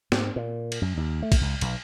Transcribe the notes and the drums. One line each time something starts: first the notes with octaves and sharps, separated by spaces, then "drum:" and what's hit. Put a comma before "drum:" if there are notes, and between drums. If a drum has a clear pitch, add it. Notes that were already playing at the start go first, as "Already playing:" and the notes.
G#2, drum: snare
A#2
drum: cymbal
F#2
D#2
A3
drum: kick, cymbal
C#2
B1, drum: cymbal